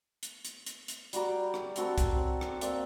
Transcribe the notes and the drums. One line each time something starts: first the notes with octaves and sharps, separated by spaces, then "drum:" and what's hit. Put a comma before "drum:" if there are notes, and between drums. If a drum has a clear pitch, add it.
drum: hi-hat
drum: hi-hat
drum: hi-hat
drum: hi-hat
G3 F#4 D5 A#5, drum: hi-hat
G5
drum: rim click
C4 F#4 A4 A#4, drum: hi-hat
drum: kick C2, hi-hat
C4 C#5
drum: rim click
A#3 C4 D5, drum: hi-hat